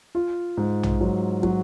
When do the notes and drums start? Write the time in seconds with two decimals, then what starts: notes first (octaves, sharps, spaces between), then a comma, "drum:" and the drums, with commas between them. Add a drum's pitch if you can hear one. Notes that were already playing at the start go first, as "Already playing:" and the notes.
0.15 F4
0.57 G#2
0.83 drum: tom
1.01 F#3
1.43 F#3, drum: kick